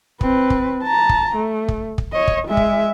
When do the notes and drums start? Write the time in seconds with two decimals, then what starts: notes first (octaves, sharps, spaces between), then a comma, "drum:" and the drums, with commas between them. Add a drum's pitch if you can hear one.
0.21 C4 B4, drum: kick
0.50 drum: kick
0.83 A5 A#5
1.09 drum: kick
1.35 A3
1.68 drum: kick
1.98 drum: kick
2.13 C#5 D#5
2.28 drum: kick
2.47 G#3 E5
2.57 drum: kick